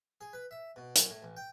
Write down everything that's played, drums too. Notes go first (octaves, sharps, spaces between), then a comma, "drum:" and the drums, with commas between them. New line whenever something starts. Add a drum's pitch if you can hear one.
G#4
B4
E5
B2
F#2, drum: hi-hat
A2
A1
G5